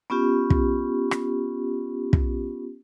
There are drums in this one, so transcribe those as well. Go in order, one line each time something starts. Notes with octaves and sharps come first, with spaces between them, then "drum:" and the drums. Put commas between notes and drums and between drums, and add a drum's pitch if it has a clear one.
B3 C#4 F4 G4
drum: kick
drum: rim click
drum: kick